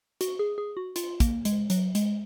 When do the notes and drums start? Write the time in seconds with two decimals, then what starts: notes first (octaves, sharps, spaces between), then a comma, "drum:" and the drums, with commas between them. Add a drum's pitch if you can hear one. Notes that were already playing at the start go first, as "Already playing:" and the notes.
0.21 F#4, drum: hi-hat
0.39 G#4
0.58 G#4
0.77 F#4
0.96 F4, drum: hi-hat
1.20 A#3, drum: kick, hi-hat
1.45 G#3, drum: hi-hat
1.70 F#3, drum: hi-hat
1.95 G#3, drum: hi-hat